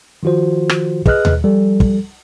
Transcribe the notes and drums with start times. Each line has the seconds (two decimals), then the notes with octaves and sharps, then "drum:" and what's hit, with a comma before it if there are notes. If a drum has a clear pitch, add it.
0.23 D#3 F3 F4 F#4 C5
0.69 drum: rim click
1.06 G#4 B4 D#5 F6 F#6, drum: kick
1.25 drum: tom D#2
1.43 F3 G3 A4
1.80 drum: kick